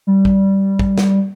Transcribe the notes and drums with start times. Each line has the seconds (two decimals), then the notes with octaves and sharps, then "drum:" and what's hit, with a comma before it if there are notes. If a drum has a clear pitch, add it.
0.07 G3
0.25 drum: kick
0.79 drum: kick
0.98 drum: snare